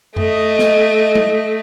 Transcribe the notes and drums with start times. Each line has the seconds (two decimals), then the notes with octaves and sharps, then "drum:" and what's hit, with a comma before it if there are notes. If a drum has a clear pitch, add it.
0.16 A3 D#5, drum: tom F2
0.59 drum: snare
1.15 drum: tom